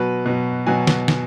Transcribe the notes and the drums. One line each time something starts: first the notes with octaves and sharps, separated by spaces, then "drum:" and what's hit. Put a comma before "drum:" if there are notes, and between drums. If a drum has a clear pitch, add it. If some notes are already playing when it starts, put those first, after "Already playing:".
Already playing: B2 F#3 B4
B2 F#3
B2 F#3 G#5
drum: snare
drum: snare